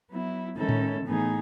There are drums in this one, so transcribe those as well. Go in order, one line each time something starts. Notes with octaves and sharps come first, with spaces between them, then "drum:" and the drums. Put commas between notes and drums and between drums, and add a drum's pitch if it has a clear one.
F#3 B3 E4
D#3 G#3 C#4 E4 A4
drum: tom A2
A2 E3 B3 D#4 G#4